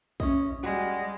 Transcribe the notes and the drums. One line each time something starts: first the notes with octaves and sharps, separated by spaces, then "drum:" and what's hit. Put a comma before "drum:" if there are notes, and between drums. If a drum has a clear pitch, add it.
C#4 E4 D#5, drum: kick
G3 G#3 F#4